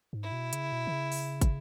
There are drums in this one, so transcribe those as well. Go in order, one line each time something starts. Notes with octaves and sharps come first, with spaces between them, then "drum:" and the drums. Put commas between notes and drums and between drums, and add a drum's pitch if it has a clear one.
G#2
E4
B2
C#3, drum: hi-hat
B2
D#3
C#3
drum: open hi-hat
drum: kick, hi-hat